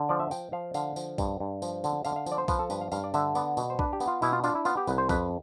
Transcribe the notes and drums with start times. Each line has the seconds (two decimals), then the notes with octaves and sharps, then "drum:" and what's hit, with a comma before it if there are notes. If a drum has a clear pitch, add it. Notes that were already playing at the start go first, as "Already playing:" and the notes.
Already playing: D3
0.09 F3 D5
0.20 E5
0.31 F3 G5, drum: tambourine
0.52 F3 F5
0.74 D3 F5, drum: tambourine
0.96 F3, drum: tambourine
1.18 G2, drum: kick B1, tambourine
1.40 G2
1.62 F3, drum: tambourine
1.84 D3, drum: tambourine
2.05 D3 F5, drum: tambourine
2.16 F5
2.26 F3, drum: tambourine
2.32 D5
2.38 C5
2.48 F3 B4, drum: kick B1, tambourine
2.59 A4
2.70 G2 B4, drum: tambourine
2.81 F5
2.92 G2 F5, drum: tambourine
3.04 D5
3.14 D3 E5, drum: tambourine
3.35 B3 D5, drum: tambourine
3.57 B2, drum: tambourine
3.70 C5
3.79 D4 B4, drum: kick B1
3.93 G4
4.00 B3, drum: tambourine
4.08 F4
4.22 B2 E4, drum: tambourine
4.33 F4
4.44 D4 F4, drum: tambourine
4.55 E4
4.65 B3 F4, drum: tambourine
4.77 G4
4.87 C2 B4, drum: tambourine
4.98 C5
5.09 F2 B4, drum: kick B1, tambourine